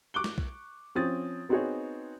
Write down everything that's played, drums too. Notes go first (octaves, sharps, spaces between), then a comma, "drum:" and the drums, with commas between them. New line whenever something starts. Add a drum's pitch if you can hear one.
C#6 D6 F#6 G7
drum: snare
drum: kick B1
F3 C4 C#4 D#6 A6
B3 C4 D#4 F#4 G#4 C#5